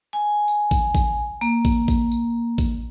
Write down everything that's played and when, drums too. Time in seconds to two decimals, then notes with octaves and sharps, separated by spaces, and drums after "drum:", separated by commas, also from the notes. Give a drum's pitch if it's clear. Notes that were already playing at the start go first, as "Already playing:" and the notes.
0.13 G#5
0.48 drum: tambourine
0.71 drum: kick A1, tambourine
0.95 drum: kick A1, tambourine
1.41 A#3, drum: tambourine
1.65 drum: kick A1, tambourine
1.88 drum: kick A1, tambourine
2.12 drum: tambourine
2.58 drum: kick A1, tambourine